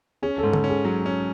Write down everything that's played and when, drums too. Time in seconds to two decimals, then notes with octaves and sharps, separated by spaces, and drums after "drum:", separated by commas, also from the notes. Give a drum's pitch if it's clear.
0.22 C#4 G#4
0.38 A4
0.43 G#2
0.53 A4, drum: tom D3
0.64 C#4
0.69 G#4
0.85 F#3
1.06 C#4